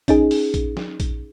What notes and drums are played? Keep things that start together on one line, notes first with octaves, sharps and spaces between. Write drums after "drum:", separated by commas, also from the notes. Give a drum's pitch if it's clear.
C#4 D#4 G#4, drum: kick, hi-hat
drum: open hi-hat
drum: kick, hi-hat
drum: snare
drum: kick, hi-hat